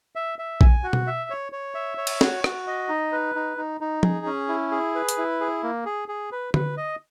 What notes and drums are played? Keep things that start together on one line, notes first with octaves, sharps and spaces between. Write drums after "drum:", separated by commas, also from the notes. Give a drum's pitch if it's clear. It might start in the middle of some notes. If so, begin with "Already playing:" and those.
E5
E5
G#5, drum: kick A#1
F#4
drum: tom B2
E5
C#5
C#5
E5
C#5
drum: cymbal
F#4, drum: snare
F#4, drum: rim click
D#5
D#4
B4
D#4
D#4
D#4
G#4, drum: tom F3
C#4
E4
G#4
B4
drum: hi-hat
E4
G#4
A#3
G#4
G#4
B4
B4, drum: tom D3
D#5